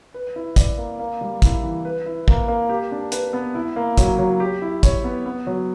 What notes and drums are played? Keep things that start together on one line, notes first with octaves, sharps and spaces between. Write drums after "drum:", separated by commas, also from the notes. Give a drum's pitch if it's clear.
B4
E4
D5, drum: kick, hi-hat
A#3
A#3
G3
E4, drum: kick, hi-hat
E3
B4
E4
A#3, drum: kick
A#3
G4
D4
B4, drum: hi-hat
B3
E4
A#3
F#3, drum: kick, hi-hat
F#3
G4
E4
C#5, drum: kick, hi-hat
B3
B3
F#3